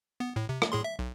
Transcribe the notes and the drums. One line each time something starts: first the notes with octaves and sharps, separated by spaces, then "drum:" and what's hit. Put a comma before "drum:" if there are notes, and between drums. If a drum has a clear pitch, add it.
B3
A2
C3
drum: rim click
A2 G#4 C6
E5
B1